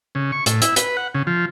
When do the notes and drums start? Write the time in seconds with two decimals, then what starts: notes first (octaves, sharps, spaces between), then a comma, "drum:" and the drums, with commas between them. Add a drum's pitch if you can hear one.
0.15 C#3
0.32 C#6
0.46 A2, drum: hi-hat
0.62 E4, drum: hi-hat
0.76 B4, drum: hi-hat
0.97 F#5
1.15 C#3
1.27 F3